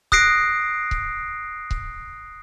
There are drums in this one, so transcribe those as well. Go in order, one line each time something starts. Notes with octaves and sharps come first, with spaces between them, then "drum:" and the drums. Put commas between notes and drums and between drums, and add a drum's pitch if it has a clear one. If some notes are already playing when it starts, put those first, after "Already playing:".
D#6 F#6 A#6 C7 D7, drum: kick C#1
drum: kick C#1
drum: kick C#1